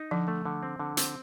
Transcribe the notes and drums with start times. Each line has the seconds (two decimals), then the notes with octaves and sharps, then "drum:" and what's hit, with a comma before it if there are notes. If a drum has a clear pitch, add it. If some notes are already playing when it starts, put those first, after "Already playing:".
Already playing: D#4
0.11 D3 F3
0.28 A3
0.45 D3
0.63 C4
0.80 D3
0.97 C4, drum: hi-hat